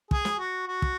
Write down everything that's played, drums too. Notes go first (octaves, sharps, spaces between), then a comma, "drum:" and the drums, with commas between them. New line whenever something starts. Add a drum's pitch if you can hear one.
G#4, drum: kick
drum: snare
F#4
F#4
drum: kick